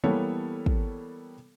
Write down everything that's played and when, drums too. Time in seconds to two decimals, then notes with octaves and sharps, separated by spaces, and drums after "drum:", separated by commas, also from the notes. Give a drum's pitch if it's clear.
0.04 E3 G3 A#3 B3 A4 C#5
0.66 drum: kick